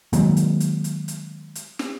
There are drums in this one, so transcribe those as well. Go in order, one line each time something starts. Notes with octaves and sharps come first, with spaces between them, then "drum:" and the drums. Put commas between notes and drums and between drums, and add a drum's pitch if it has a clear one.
D#3 F#3 G#3 A#3, drum: hi-hat
drum: hi-hat
drum: hi-hat
drum: hi-hat
drum: hi-hat
drum: hi-hat
drum: snare